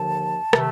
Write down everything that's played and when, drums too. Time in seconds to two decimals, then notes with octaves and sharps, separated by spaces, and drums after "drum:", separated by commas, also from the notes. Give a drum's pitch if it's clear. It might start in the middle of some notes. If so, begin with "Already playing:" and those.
Already playing: D#2 D3 F3 A5
0.53 C3 D#3 A3, drum: rim click